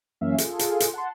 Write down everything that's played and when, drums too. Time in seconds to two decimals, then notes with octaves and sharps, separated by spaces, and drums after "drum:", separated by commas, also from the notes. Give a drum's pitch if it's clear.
0.21 F#2 E3 A#3 C#4 E5 F5
0.38 F4 G#4 A4, drum: hi-hat
0.59 drum: hi-hat
0.80 drum: hi-hat
0.93 F#5 A5 C6